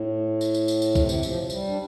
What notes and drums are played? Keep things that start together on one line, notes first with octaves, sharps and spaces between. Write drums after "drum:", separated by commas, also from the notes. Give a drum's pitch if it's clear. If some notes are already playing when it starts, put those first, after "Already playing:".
Already playing: A2
drum: tambourine
drum: tambourine
drum: tambourine
drum: tambourine
C3, drum: kick B1, tambourine
drum: tambourine
F3, drum: tambourine
F3
G3, drum: tambourine
D4